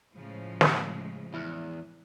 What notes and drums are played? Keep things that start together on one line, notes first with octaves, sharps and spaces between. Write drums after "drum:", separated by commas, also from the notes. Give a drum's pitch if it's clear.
A2 C#3 F3 G#3
drum: snare
E2 E4 F6 F#6